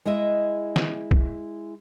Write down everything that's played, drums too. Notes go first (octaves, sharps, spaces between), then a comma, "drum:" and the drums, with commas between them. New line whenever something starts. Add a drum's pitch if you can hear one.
G#3 E4 D#5 E5
drum: snare
drum: kick